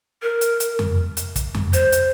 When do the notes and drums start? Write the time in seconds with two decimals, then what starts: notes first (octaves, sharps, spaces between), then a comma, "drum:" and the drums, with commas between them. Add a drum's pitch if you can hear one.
0.22 A#4
0.41 drum: hi-hat
0.60 drum: hi-hat
0.79 drum: tom F2
1.17 drum: hi-hat
1.36 drum: kick, hi-hat
1.54 drum: tom F2
1.73 C5, drum: hi-hat
1.92 drum: hi-hat